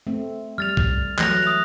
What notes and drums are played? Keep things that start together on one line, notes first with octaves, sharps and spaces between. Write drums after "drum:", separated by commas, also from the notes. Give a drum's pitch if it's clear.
A3 C4
G3 F6 A6 F7
drum: kick
E3 F#3 A3 F#6 A#6 F7, drum: clap
D#6 F7